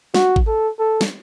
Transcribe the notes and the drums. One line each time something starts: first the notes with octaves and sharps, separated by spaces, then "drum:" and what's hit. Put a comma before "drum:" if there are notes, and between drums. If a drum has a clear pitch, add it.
F#4, drum: snare
drum: kick G#1
A4
A4
drum: snare